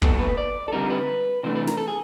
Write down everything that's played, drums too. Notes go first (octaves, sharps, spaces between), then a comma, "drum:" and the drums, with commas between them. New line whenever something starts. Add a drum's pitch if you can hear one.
A#2 F#3 B3 A4, drum: kick
B4
D5
A4
D3 G3 C4 D#4 A#4
B4
C3 E3 A3 D4 C5
B4
A#4, drum: snare
A4
G#4